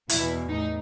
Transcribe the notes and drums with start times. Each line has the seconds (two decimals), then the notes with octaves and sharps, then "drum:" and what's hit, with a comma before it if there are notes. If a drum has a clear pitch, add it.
0.09 E2 B2 E4, drum: hi-hat
0.49 A2 D#4